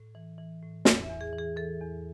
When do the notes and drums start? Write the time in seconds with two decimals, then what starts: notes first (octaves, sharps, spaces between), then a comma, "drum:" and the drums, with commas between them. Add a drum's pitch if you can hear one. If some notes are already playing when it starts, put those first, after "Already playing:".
Already playing: A2
0.15 E3
0.38 E3
0.62 A2
0.85 E2, drum: snare
1.03 E5
1.09 E2
1.21 G#4
1.33 E3
1.38 G#4
1.57 E3 A4
1.80 E2